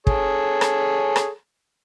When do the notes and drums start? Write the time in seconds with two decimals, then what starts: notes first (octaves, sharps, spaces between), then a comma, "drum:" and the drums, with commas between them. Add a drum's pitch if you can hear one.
0.07 G#4 A4 C#5, drum: kick
0.61 drum: rim click
1.16 drum: rim click